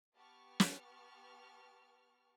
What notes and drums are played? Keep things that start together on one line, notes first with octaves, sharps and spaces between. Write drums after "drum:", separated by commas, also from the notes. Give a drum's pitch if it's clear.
B3 G4 A5 C#6 F6
drum: snare